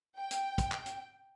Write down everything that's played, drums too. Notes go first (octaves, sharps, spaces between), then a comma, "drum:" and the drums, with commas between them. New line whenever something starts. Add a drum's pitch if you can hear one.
G5
drum: hi-hat
drum: kick, hi-hat
drum: clap
drum: hi-hat